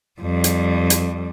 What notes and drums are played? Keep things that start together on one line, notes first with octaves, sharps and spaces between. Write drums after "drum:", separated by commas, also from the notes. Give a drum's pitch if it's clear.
F2 G3
drum: hi-hat
drum: hi-hat